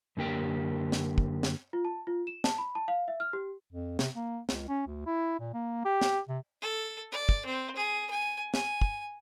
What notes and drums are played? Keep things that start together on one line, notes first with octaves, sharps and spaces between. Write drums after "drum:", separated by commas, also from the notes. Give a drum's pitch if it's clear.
F#2 D3 A#3 G4 G5
drum: snare
drum: kick
drum: snare
F4
A5
F4
E7
A5, drum: snare
B5
A5
F5
E5
F6
G4
F2
C3, drum: snare
A#3
C#2, drum: snare
C#4
D2
E4
A#2
A#3
G4
drum: snare
C3
A4
D5
drum: kick
C4
G#4
G#5
G#5, drum: snare
drum: kick